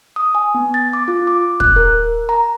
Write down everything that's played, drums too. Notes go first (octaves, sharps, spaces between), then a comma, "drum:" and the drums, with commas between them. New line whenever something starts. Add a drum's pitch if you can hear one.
D#6
G#5
B3
A6
D6
F4
D6
F#6, drum: kick
A#4
A#5